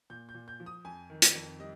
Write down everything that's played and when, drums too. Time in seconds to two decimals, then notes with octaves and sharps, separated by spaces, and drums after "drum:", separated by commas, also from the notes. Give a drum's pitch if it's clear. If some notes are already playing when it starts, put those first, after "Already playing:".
0.10 A#2 G6
0.29 G6
0.34 A#2
0.48 G6
0.60 F3
0.66 D#6
0.85 F2 G#5
1.10 D#3
1.22 drum: hi-hat
1.35 F2
1.60 G3 D#5